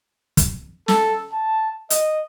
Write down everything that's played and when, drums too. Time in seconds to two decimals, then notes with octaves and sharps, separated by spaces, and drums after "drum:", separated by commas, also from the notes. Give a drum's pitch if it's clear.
0.37 drum: kick, hi-hat
0.88 A4, drum: snare
1.32 A5
1.90 D#5, drum: hi-hat